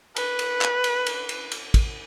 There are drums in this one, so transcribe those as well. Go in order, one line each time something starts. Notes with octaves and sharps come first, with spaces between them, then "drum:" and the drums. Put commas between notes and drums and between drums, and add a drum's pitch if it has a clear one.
B4, drum: cymbal
drum: cymbal
drum: clap
drum: cymbal
drum: cymbal
drum: cymbal
drum: cymbal
drum: kick, cymbal